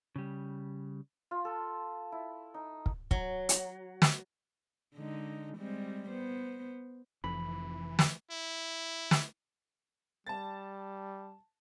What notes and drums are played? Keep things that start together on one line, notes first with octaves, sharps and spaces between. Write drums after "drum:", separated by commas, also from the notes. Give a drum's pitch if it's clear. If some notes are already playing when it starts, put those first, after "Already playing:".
C#3 G3
F4
A4
E4
D#4
drum: kick
F#3, drum: kick
drum: hi-hat
drum: snare
D3 G#3 D#4
G3 G#3 C4
B3 C5
F1 F2 E3 B5
drum: snare
E4
drum: snare
G3 A5 A6